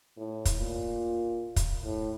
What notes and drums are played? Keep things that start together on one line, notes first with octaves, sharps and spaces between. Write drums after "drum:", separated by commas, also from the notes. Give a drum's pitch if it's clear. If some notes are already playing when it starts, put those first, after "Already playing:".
A2
drum: kick, hi-hat
A#2
drum: kick, hi-hat
A2